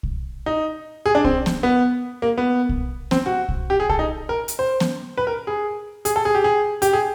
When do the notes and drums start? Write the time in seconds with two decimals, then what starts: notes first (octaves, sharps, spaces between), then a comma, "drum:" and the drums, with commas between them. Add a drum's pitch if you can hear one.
0.03 drum: kick
0.46 D#4
1.06 G#4
1.15 D4
1.25 C4, drum: kick
1.46 drum: snare B3
1.63 B3
2.22 A#3
2.38 B3
2.69 drum: kick
3.11 C4, drum: snare B3
3.26 F#4
3.49 drum: kick
3.70 G4
3.80 G#4
3.90 A4, drum: kick
3.99 D#4
4.29 A#4
4.48 drum: hi-hat
4.59 C5
4.80 drum: snare B3
5.18 B4
5.27 A#4
5.47 G#4
6.05 G#4, drum: hi-hat
6.16 A4
6.25 G#4
6.35 G4
6.44 G#4
6.82 G4, drum: hi-hat
6.93 G#4